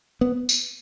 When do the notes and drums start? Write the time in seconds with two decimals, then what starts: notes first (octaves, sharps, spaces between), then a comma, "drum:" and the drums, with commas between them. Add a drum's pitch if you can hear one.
0.21 B3
0.49 drum: tambourine